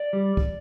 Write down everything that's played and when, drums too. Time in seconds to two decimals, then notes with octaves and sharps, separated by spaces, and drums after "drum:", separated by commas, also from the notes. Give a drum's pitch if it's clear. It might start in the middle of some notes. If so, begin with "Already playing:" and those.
Already playing: D5
0.13 G3
0.37 drum: kick